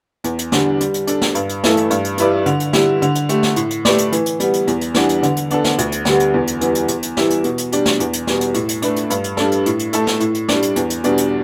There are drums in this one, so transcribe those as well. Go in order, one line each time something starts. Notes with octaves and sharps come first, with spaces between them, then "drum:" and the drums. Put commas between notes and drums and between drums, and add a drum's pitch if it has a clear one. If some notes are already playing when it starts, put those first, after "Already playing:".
E2, drum: hi-hat
drum: hi-hat
D3 G3 D4, drum: snare
G3, drum: hi-hat
drum: hi-hat
D4 A4, drum: hi-hat
drum: snare
G2, drum: hi-hat
drum: hi-hat
E3 A3 E4 A4, drum: snare
drum: hi-hat
G2, drum: hi-hat
drum: hi-hat
G3 E4 B4 D5, drum: hi-hat
D3, drum: hi-hat
drum: hi-hat
G3 E4 G4, drum: snare
D3, drum: hi-hat
drum: hi-hat
A3 G4, drum: hi-hat
drum: snare
A2, drum: hi-hat
drum: hi-hat
A3 G4 B4 D5, drum: snare
drum: hi-hat
E3, drum: hi-hat
drum: hi-hat
G3 B3, drum: hi-hat
drum: hi-hat
E2, drum: hi-hat
drum: hi-hat
E3 G3 B3 D4, drum: snare
drum: hi-hat
D3, drum: hi-hat
drum: hi-hat
B3 D4 A4, drum: hi-hat
drum: snare
D2, drum: hi-hat
drum: hi-hat
D3 G3 B3 G4, drum: snare
drum: hi-hat
E2
drum: hi-hat
E3 G3 B3, drum: hi-hat
drum: hi-hat
E2, drum: hi-hat
drum: hi-hat
E3 G3 E4 G4, drum: snare
drum: hi-hat
B2, drum: hi-hat
drum: hi-hat
G3 D4 G4, drum: hi-hat
drum: snare
E2, drum: hi-hat
drum: hi-hat
B2 G3, drum: snare
drum: hi-hat
A2, drum: hi-hat
drum: hi-hat
A3 D4 B4, drum: hi-hat
drum: hi-hat
G2, drum: hi-hat
drum: hi-hat
G3 D4 A4, drum: snare
drum: hi-hat
A2, drum: hi-hat
drum: hi-hat
A3 E4 A4, drum: hi-hat
drum: snare
A2, drum: hi-hat
drum: hi-hat
G3 D4, drum: snare
drum: hi-hat
E2, drum: hi-hat
drum: hi-hat
B2 G3 D4, drum: hi-hat
drum: hi-hat